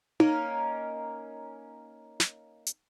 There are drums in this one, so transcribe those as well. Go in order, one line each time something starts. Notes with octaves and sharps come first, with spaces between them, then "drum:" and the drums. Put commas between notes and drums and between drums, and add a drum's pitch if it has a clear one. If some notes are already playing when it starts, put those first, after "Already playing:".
A#3 C#4 D#4 A#4, drum: tom D#4
drum: snare
drum: hi-hat